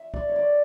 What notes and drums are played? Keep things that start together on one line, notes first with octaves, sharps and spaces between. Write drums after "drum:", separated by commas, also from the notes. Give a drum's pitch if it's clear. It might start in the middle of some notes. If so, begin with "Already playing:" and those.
Already playing: E5
D5, drum: kick
C#5
D5